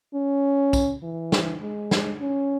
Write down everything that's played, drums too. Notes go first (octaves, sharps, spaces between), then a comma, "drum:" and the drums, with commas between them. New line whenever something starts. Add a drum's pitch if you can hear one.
C#4
drum: kick, tambourine
E3
drum: snare
G#3
drum: snare
C#4